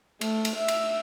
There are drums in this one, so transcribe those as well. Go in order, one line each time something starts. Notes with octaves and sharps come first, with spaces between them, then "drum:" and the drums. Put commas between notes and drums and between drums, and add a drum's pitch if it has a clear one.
A3, drum: cymbal
drum: cymbal
E5
drum: cymbal